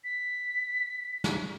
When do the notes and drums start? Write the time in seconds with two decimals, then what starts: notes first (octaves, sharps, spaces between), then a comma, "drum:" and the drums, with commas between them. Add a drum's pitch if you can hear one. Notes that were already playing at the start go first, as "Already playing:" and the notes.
0.04 B6
1.24 drum: snare